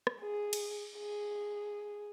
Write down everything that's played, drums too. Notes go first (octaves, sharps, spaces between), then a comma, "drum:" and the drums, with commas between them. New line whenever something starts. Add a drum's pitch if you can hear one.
drum: rim click
G#4
drum: cymbal
G#4